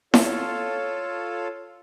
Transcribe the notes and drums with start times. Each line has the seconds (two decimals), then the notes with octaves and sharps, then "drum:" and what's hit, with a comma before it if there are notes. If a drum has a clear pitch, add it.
0.14 F4 A4 C#5 F5 A5, drum: snare E4